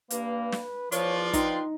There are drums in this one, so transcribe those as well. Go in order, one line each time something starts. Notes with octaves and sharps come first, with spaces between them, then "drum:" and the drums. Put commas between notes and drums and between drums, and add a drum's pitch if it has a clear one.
G2 A#3 B4, drum: hi-hat
drum: snare
E2 F3 F4 B4 C#5 D5, drum: hi-hat
F3 D#4 G5 C6, drum: kick, hi-hat